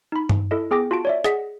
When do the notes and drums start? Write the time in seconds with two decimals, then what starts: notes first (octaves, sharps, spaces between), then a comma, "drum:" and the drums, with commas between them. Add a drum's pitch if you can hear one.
0.12 D#4 B5
0.29 drum: tom G2
0.51 E4 A4 D#5
0.71 B3 G#4 G5 D6 A#6
0.91 F4 F#4 A5 D7
1.05 C#5 D5 E5
1.24 G#4 D#5 F#5 B6, drum: rim click